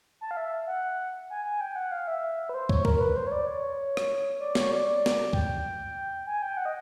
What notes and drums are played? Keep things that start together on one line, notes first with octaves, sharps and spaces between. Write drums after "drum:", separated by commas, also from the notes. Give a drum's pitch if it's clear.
A5
F5
E5
F#5
G#5
G#5
G5
F#5
F5
E5
B4
C5
C#5, drum: kick
A#4, drum: kick
A#4
B4
C5
C#5
D5
C#5
drum: rim click
D5
C#5, drum: snare
D5
D5
drum: snare
G5, drum: kick
G#5
G5
F#5
D#5